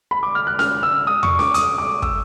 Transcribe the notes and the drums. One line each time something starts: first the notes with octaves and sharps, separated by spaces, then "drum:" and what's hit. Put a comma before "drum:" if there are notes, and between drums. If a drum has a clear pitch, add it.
B5
D6
F6
F#6
F6, drum: snare C#4
E6
D#6
C#6, drum: tom E2
D6, drum: snare C#4
D#6, drum: hi-hat
D6
E6, drum: kick